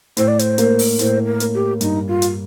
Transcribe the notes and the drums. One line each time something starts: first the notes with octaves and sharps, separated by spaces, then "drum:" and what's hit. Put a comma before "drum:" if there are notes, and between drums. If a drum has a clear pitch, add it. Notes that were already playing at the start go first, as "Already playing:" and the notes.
A2 C5, drum: hi-hat
D5
C5, drum: hi-hat
A#3, drum: hi-hat
drum: open hi-hat
A2 C5, drum: hi-hat
A#4
A#3, drum: hi-hat
G4
G2 D#4, drum: hi-hat
F4
drum: hi-hat